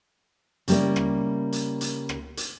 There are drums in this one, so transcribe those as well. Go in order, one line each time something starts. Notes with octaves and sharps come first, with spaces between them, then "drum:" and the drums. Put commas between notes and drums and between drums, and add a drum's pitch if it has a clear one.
C#3 G3 A#3 E4 D5, drum: hi-hat
drum: rim click
drum: hi-hat
drum: hi-hat
drum: rim click
drum: hi-hat